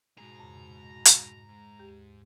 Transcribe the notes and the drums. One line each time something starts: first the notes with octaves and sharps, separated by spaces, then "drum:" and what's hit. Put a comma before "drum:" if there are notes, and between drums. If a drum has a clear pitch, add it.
G#2 B2 G#4 A#5
F2 A#2 C#3
drum: hi-hat
D#2 G4